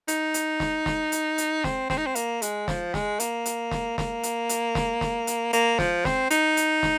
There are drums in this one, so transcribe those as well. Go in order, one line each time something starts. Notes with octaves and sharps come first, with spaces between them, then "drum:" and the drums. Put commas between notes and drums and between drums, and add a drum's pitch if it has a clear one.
D#4, drum: hi-hat
drum: hi-hat
drum: snare
drum: snare
drum: hi-hat
drum: hi-hat
C4, drum: snare
C4, drum: snare
D#4
C4
A#3, drum: hi-hat
G#3, drum: hi-hat
F3, drum: snare
G#3, drum: snare
A#3, drum: hi-hat
drum: hi-hat
drum: snare
A#3, drum: snare
drum: hi-hat
drum: hi-hat
drum: snare
drum: snare
drum: hi-hat
A#3, drum: hi-hat
F3, drum: snare
C4, drum: snare
D#4, drum: hi-hat
drum: hi-hat
drum: snare